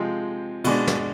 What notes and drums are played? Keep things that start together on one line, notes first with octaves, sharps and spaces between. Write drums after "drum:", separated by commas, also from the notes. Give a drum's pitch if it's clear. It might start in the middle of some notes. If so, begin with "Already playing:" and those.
Already playing: C3 F3 G#3 C4
B2 G#3 D4, drum: cymbal
drum: snare